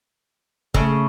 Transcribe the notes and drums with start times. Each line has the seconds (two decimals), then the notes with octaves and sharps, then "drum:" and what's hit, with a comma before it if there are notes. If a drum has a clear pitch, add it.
0.74 C#3 A3, drum: kick